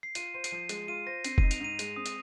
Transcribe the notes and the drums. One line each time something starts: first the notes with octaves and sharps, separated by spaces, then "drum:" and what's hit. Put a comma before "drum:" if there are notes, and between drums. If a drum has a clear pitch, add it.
C7
F4 D#7, drum: hi-hat
C5 D#7
C7, drum: hi-hat
F3 D#7
G#3, drum: hi-hat
F4 D#7
C5 A#6
C4 C7, drum: hi-hat
D#4 D#7, drum: kick F1
F7, drum: hi-hat
G#2 D#7
G#3, drum: hi-hat
C4 D#6
drum: hi-hat